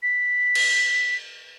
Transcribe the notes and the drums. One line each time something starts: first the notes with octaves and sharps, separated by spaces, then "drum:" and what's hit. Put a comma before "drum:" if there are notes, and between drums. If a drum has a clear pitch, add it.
B6
drum: cymbal